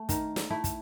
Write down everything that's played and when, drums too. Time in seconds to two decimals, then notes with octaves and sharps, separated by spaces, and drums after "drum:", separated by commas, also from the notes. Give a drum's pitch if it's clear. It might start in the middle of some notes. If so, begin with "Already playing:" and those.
Already playing: A3
0.09 D#3, drum: kick, hi-hat
0.36 drum: snare
0.50 A3 E4
0.64 drum: kick, hi-hat